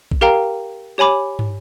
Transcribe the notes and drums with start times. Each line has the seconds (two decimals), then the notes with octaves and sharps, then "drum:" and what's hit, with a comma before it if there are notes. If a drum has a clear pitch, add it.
0.11 drum: kick A#1
0.21 G4 A#4 F5 G5 A#5
0.98 G4 C#5 G#5 B5 D6
1.39 drum: tom